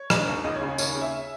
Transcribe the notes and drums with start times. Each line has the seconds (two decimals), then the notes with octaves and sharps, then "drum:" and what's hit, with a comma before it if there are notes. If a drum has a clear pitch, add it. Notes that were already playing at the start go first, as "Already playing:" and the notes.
Already playing: C#5
0.10 E1, drum: rim click
0.27 D#2
0.44 C#2 D#5
0.55 C#5
0.61 C#3
0.67 C#5
0.78 D#2 C#5, drum: tambourine
0.89 C#5
0.95 C#3
1.01 E5